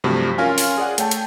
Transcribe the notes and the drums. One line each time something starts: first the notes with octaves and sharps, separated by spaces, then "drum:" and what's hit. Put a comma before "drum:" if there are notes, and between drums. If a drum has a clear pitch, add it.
G2 C3 F3 F#3 A3
C#4 F4 A#4 F5 G#5
drum: open hi-hat
G#4 D5 F#5
A3 C#5 G5 A5, drum: hi-hat
drum: hi-hat